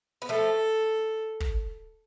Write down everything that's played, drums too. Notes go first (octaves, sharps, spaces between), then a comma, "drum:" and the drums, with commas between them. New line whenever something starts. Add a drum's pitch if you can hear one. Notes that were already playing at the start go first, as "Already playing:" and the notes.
B3
F3 A3 A4
drum: kick